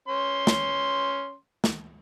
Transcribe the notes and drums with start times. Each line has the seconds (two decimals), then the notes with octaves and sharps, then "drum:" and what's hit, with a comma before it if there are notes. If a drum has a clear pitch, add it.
0.08 C#4 C6
0.47 drum: snare
1.64 drum: snare